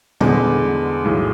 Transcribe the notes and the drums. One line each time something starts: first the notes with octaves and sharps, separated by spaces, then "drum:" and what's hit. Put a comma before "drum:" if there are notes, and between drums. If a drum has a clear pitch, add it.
E2 D3 G#3 B3, drum: tom
B1 A2 E3 G#4